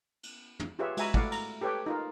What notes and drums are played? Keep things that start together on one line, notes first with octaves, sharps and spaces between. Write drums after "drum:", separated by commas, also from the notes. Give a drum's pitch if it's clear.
drum: cymbal
drum: tom
F4 G4 G#4 B4 C#5 E5
G#3 F#4 E5 G#5 A#5 B5, drum: cymbal
A3 E4 D5 F5 F#5, drum: kick
A#5, drum: cymbal
G4 A4 B4 C#5 G5
D#4 F4 A#4